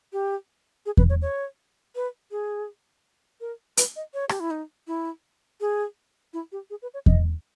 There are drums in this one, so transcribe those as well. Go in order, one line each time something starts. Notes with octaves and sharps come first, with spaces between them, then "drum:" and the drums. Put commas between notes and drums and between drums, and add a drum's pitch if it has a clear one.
G4
G#4
B4, drum: kick E2
C#5
C#5
B4
G#4
A#4
B4, drum: hi-hat
D#5
C#5
G4, drum: rim click
E4
D#4
E4
G#4
E4
G4
G#4
B4
C#5
D#5, drum: kick E2